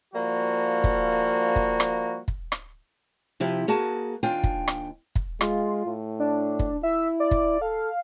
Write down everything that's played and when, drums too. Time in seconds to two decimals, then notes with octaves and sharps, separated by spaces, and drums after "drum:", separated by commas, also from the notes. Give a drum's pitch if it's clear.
0.13 F3 G3 A#3 F#4
0.84 drum: kick
1.56 drum: kick
1.80 drum: rim click
2.28 drum: kick
2.52 drum: rim click
3.40 C3 F3 E4 G4
3.68 A#3 F#4 G#4 A5
4.23 D#2 D4 F4 G5 G#5
4.44 drum: kick
4.68 drum: rim click
5.16 drum: kick
5.41 G#3 F4, drum: rim click
5.86 A2
6.20 D4
6.59 drum: kick
6.83 E4 E5
7.20 D5
7.31 drum: kick
7.62 A4 F5